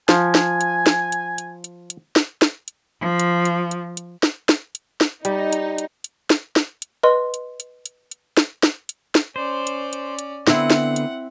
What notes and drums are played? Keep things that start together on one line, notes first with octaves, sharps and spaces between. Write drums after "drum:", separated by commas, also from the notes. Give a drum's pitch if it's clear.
F3 G#5, drum: snare
drum: snare
drum: hi-hat
drum: snare
drum: hi-hat
drum: hi-hat
drum: hi-hat
drum: hi-hat
drum: snare
drum: snare
drum: hi-hat
F3
drum: hi-hat
drum: hi-hat
drum: hi-hat
drum: hi-hat
drum: snare
drum: snare
drum: hi-hat
drum: snare
G3 D#4, drum: hi-hat
drum: hi-hat
drum: hi-hat
drum: hi-hat
drum: snare
drum: snare
drum: hi-hat
B4 D#5 C6
drum: hi-hat
drum: hi-hat
drum: hi-hat
drum: hi-hat
drum: snare
drum: snare
drum: hi-hat
drum: snare
C#4 C5 D5
drum: hi-hat
drum: hi-hat
drum: hi-hat
D3 B3 C4 E4 F#5, drum: snare
drum: snare
drum: hi-hat